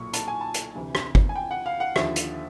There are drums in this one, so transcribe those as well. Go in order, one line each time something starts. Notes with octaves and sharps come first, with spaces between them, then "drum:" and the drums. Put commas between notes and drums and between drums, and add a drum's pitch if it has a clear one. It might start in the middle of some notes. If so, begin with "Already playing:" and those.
Already playing: B1 A#2 C#6
A5, drum: hi-hat
G#5
A5
drum: hi-hat
D2 C3 E3
drum: rim click
drum: kick G1
G#5
G5
F#5
F5
F#5
D#2 D3 F3 E5, drum: rim click
drum: hi-hat